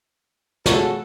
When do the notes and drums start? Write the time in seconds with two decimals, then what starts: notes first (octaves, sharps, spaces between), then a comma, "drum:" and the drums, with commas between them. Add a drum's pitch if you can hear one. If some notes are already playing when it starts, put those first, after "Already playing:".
0.66 C#3 F#4 A4, drum: snare